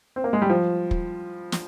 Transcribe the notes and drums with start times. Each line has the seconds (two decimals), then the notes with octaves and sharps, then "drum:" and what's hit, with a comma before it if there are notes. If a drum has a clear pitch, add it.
0.16 C4
0.24 A#3
0.33 G#3
0.42 G3
0.50 F3
0.91 drum: kick
1.52 drum: snare